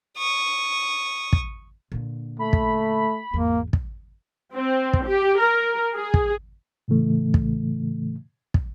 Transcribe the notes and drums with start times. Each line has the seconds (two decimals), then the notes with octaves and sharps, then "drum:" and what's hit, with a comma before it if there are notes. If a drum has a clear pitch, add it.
0.18 C#6 D#6
1.33 drum: kick
1.92 A#2 D3
2.39 A3 B5
2.53 drum: kick
3.34 G#1 E2 A#3
3.73 drum: kick
4.55 C4
4.93 drum: kick
5.05 G4
5.40 A#4
5.94 G#4
6.14 drum: kick
6.88 A2 C#3 E3 A3
7.34 drum: kick
8.54 drum: kick